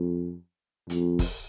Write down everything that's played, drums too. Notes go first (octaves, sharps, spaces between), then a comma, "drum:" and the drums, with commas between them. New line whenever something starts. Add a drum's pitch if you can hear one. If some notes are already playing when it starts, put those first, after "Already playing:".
Already playing: F2
F2, drum: hi-hat
drum: kick, open hi-hat